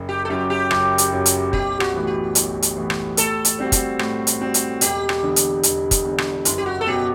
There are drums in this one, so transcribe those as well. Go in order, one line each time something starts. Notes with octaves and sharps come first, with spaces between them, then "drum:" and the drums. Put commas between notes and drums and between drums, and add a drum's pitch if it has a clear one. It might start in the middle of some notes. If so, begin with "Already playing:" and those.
Already playing: F#1
G4
A4
F#2 F#3 G4
G4
F#1, drum: rim click
drum: hi-hat
F#2 F#3
drum: hi-hat
B1 G4, drum: kick
F#4, drum: rim click
A2 E3 B3
G4
B1, drum: hi-hat
drum: hi-hat
A2 E3 B3
drum: rim click
A2 A4, drum: hi-hat
drum: hi-hat
G3 C4 F#4
drum: kick, hi-hat
A2, drum: rim click
drum: hi-hat
G3 C4 F#4
drum: hi-hat
E1 G4, drum: hi-hat
drum: rim click
E2 D3
drum: hi-hat
E1, drum: hi-hat
drum: kick, hi-hat
E2 D3
drum: rim click
F#1 E4, drum: hi-hat
G4
F#4
A4
B2 F#3 B3 G4